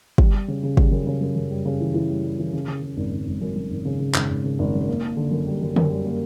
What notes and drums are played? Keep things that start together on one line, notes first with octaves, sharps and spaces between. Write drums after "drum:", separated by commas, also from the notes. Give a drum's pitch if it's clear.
G3, drum: kick
G3
C#3
C#3
G3, drum: kick
F#2
C#3
F#2
F#2
G3
C#3
E3
E3
G3
G3
E3
C#3
C#3
C#3
G#1
G#1
G#1
F#2
F#2
G#1
C#3
C#3
G#1, drum: clap
G#1
C#3
G#1
F#2
A#3
A#3
D3
F#2
G3
F#2
F#2, drum: tom D3
G3
A#3